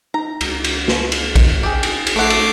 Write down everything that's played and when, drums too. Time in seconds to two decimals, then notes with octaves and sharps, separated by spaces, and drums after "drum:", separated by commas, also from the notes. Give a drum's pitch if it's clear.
0.14 D#4 A#5
0.41 C#2, drum: cymbal
0.64 drum: cymbal
0.88 drum: snare
1.12 drum: cymbal
1.35 drum: kick A#1, cymbal
1.63 G4 G#4
1.83 drum: cymbal
2.07 drum: cymbal
2.16 A#1 A3 E4 F#5 D6 C7
2.30 drum: cymbal